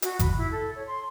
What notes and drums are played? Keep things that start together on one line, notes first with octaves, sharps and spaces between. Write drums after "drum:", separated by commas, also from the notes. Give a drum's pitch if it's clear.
F#4, drum: hi-hat
B5, drum: kick G1, hi-hat
E4
A4
C#5
C6